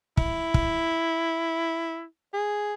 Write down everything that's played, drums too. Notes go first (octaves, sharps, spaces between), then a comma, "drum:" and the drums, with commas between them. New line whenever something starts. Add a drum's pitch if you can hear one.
E4, drum: kick
drum: kick
G#4